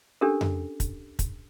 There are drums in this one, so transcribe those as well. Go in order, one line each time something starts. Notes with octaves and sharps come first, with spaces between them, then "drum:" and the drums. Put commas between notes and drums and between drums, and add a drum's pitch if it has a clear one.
C#4 D4 G4 A4 A#4
drum: tom F2
drum: kick, hi-hat
drum: kick, hi-hat